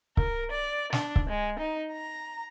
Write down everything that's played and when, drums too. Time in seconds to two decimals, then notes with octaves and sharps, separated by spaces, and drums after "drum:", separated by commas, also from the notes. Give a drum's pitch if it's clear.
0.17 A#4, drum: kick C#1
0.50 D5
0.93 D4, drum: snare
1.16 drum: kick C#1
1.28 G#3
1.58 D#4
1.91 A#5